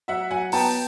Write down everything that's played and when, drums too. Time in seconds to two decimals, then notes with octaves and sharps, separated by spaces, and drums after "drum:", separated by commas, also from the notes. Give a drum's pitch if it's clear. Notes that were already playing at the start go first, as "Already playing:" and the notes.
0.08 F#3 E5 F#5
0.31 F#3 F#5 G#5
0.52 B3 G5 A5, drum: open hi-hat